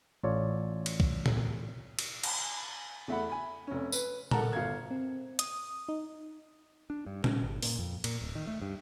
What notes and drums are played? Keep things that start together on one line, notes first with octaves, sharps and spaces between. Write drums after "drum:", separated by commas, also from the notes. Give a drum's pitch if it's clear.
A1 F4 A4 C#5 D5
drum: cymbal
drum: kick
drum: tom A#2
drum: cymbal
drum: cymbal
E2 A3 E5 F#5 B5
G#5 B5
F1 C#4
B4, drum: tambourine
A4 A#4 F#5 A5 A#5, drum: tom A#2
G1 F5 G#6
C4
D#6, drum: hi-hat
D#4
D4
G2
C#4, drum: tom A#2
G1
A#2, drum: open hi-hat
F2
A#2, drum: cymbal
D1
D#3
A3
G2